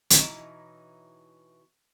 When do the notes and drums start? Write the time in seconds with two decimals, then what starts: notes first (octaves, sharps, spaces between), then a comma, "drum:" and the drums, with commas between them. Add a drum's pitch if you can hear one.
0.10 B2 E3 C#4 D#4 E4 A#5, drum: hi-hat